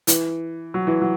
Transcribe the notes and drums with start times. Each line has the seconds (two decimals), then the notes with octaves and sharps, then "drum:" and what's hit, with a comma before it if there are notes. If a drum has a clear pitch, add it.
0.07 E3, drum: hi-hat
0.74 F#3
0.87 E3
1.02 F#3